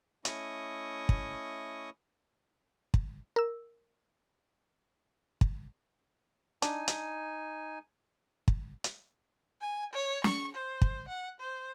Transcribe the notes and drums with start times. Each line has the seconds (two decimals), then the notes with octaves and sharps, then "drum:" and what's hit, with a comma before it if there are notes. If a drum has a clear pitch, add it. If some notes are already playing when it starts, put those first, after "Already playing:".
0.25 A3 C#4 E4 D#5 C#6 D#6, drum: hi-hat
1.09 drum: kick
2.94 drum: kick
3.36 A#4 E6
5.41 drum: kick
6.62 D4 D#4 G#5, drum: hi-hat
6.88 drum: hi-hat
8.48 drum: kick
8.84 drum: hi-hat
9.61 G#5
9.93 C#5
10.24 C#6, drum: snare
10.55 C5
10.82 drum: kick
11.08 F#5
11.40 C5